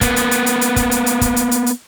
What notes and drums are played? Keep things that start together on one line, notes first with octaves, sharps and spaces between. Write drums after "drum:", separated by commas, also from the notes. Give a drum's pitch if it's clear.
A#3 B3, drum: kick, hi-hat
drum: hi-hat
drum: hi-hat
drum: hi-hat
drum: hi-hat
drum: kick, hi-hat
drum: hi-hat
drum: hi-hat
drum: kick, hi-hat
drum: hi-hat
drum: hi-hat
drum: hi-hat